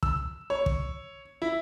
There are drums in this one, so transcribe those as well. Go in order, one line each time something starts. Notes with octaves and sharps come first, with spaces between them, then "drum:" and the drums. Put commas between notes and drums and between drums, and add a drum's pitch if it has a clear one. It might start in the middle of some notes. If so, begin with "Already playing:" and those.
E6, drum: kick
C#5
drum: kick
E4